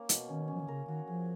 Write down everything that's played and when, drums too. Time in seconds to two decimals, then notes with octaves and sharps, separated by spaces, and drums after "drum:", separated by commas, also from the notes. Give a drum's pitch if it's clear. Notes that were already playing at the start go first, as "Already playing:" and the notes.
Already playing: A#3 C#4
0.09 B2, drum: hi-hat
0.29 D#3 C#4
0.48 C#4
0.54 F3
0.61 D#3
0.68 C#3 A#4
0.87 D#3 F#4
1.08 F3 G#4